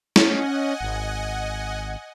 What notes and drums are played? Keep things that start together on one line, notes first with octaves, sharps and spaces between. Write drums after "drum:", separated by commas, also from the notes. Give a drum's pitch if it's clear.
C#4 D#5 F#5 G#5, drum: snare
G#1